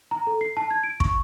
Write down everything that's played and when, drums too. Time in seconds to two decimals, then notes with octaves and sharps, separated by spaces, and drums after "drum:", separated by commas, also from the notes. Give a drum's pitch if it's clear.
0.11 A#5
0.27 A4
0.41 C7
0.57 A5
0.70 G#6
0.83 D7
1.00 C#6, drum: kick